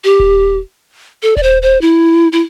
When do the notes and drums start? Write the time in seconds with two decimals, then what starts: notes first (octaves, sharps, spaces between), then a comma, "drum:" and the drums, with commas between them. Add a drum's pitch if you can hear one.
0.04 G4
0.20 drum: kick D#1
1.23 A4
1.37 D5, drum: kick D#1
1.43 C5
1.62 C5
1.81 E4
2.32 E4